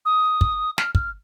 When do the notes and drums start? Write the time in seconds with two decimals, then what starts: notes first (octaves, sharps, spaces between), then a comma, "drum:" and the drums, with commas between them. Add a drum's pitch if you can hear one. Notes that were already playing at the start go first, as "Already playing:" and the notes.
0.05 D#6
0.41 drum: kick
0.78 F6, drum: snare
0.95 F6, drum: kick